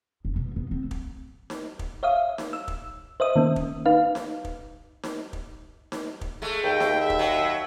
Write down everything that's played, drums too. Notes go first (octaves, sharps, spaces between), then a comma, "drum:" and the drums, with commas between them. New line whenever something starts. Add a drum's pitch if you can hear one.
F1
B2
B3
C4
drum: kick
drum: snare D#4
drum: kick
C#5 E5 F5 D#6
drum: snare D#4
E6
drum: kick
C5 D#5 E5 D#6
D#3 A#3 C#4
drum: kick
D#4 B4 F5
drum: snare D#4
drum: kick
drum: snare D#4
drum: kick
drum: snare D#4
drum: kick
G#3 A3
D#2 G5
drum: snare D#4
E5
drum: kick
F#3